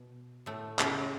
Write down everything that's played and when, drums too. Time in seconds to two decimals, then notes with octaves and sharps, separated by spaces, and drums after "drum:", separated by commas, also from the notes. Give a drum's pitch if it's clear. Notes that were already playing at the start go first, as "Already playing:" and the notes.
Already playing: B2
0.46 A2 A3
0.79 C#3 C#4, drum: clap